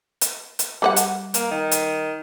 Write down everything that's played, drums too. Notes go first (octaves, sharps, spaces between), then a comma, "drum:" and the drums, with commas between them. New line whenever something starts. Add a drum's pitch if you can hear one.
drum: hi-hat
drum: hi-hat
G3 B4 F#5
drum: hi-hat
A#3, drum: hi-hat
D#3
drum: hi-hat